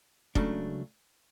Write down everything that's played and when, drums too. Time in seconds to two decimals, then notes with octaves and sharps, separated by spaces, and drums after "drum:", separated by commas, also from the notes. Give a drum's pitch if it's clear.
0.35 C#2 C#3 F#3 A3 D4, drum: kick